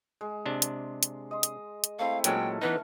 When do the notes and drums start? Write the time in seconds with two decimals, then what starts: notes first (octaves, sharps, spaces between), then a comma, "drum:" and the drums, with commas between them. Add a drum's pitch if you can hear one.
0.21 G#3
0.46 C3 D4
0.62 drum: hi-hat
1.03 drum: hi-hat
1.31 D#5 C6
1.43 drum: hi-hat
1.84 drum: hi-hat
1.99 A3 C4 E4 F5
2.24 A#2 F#3 G#3 C#4 A4 G5, drum: hi-hat
2.62 E3 B3 D#4 B4